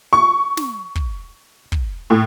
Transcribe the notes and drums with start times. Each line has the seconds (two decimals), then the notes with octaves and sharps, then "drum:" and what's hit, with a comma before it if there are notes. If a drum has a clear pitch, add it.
0.13 C#6
0.57 drum: snare
0.95 drum: kick
1.72 drum: kick
2.10 A2